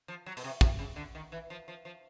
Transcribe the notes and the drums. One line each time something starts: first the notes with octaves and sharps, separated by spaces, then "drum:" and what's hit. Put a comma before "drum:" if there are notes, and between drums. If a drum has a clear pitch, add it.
F3
F#3
B2, drum: open hi-hat
C3
C3, drum: kick
C#3
D3
D#3
E3
F3
F3
F3